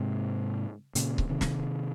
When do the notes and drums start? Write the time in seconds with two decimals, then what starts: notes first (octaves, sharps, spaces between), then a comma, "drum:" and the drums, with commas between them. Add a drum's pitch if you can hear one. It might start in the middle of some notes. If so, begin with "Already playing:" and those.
Already playing: G#2 C3
0.95 A#2 C#3, drum: hi-hat
1.18 drum: kick C#1
1.30 C3 D#3
1.41 drum: snare